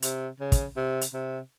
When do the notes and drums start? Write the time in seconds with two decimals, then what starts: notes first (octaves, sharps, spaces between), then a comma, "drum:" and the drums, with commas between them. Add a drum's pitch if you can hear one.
0.02 C3, drum: hi-hat
0.40 C#3
0.52 drum: kick, hi-hat
0.77 C3
1.01 drum: hi-hat
1.13 C3